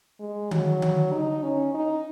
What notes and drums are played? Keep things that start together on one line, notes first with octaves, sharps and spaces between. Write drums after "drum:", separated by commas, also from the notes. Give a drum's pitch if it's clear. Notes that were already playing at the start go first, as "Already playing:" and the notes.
G#3
F#3, drum: tom D3
drum: tom D3
D#4
C#4
D#4